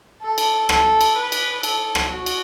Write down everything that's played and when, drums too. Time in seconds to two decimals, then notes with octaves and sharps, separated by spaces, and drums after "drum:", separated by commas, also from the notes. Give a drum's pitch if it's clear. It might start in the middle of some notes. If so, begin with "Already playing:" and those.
0.22 A4
0.38 drum: cymbal
0.69 A4, drum: rim click
1.01 drum: cymbal
1.17 B4
1.32 drum: cymbal
1.63 A4, drum: cymbal
1.95 drum: rim click
2.10 F#4
2.26 drum: cymbal